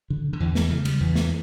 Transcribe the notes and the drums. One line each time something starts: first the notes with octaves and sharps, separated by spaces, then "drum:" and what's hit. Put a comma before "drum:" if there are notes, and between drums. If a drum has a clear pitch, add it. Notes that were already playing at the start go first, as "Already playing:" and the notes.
D3
D3
E2 E3
E3, drum: snare
C#3 E3
G3, drum: cymbal
E2 E3
drum: snare